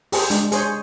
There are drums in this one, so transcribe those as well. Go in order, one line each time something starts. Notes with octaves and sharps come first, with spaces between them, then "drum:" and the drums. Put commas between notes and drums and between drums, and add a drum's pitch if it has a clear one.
G4 G#4 C5, drum: open hi-hat
G#3 D4, drum: hi-hat
G#4 C5 C#5, drum: hi-hat